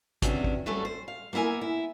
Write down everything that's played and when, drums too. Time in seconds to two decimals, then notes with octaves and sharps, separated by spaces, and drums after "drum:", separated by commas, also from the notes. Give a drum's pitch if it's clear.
0.22 E2 C3 C#4 D4 F#4, drum: kick, hi-hat
0.44 drum: kick
0.66 F#3 G3 A3 C#4 A4 B4
0.85 C5
1.08 F5
1.33 A#3 B3 E4 A#4 G#5
1.61 E4